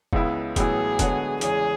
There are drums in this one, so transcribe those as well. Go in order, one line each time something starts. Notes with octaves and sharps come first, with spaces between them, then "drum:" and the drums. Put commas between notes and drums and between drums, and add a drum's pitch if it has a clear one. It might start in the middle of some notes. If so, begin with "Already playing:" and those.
C#2 C#3 G#3 B3 E4, drum: kick F1
A1 A2 F#3 B3 E4 G#4, drum: kick F1, hi-hat
D3 G#3 B3 F#4 C#5, drum: kick F1, hi-hat
E2 C#3 E3 G#3 C#4 G#4, drum: hi-hat